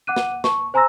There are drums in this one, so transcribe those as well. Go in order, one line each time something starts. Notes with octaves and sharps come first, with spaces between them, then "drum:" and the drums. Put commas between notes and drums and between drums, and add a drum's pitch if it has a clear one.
F#5 D6 F#6 D#7
drum: snare
A5 C#6, drum: snare
C5 G#5 A#5 C6 E6 A#6